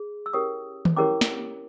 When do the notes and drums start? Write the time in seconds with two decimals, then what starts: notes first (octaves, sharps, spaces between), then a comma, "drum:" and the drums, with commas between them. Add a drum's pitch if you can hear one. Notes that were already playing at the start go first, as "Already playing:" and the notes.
Already playing: G#4
0.26 E6
0.33 C#4 E4 G4 A#4 C#5 D#6
0.85 drum: tom D#3
0.96 C#4 E4 G4 A#4 C#5 D6
1.21 drum: snare